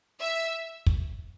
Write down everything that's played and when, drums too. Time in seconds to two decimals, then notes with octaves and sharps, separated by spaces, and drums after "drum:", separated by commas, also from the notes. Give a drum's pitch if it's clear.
0.22 E5
0.86 drum: kick